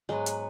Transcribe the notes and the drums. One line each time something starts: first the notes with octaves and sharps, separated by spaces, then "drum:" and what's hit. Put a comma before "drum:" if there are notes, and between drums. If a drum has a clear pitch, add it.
G#2 F#3 G#3 B3 F#4 B4
drum: hi-hat